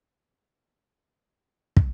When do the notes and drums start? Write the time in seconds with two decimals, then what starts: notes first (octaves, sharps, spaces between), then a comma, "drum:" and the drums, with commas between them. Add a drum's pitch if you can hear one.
0.38 E3
0.87 D#5
1.39 B4
1.77 drum: kick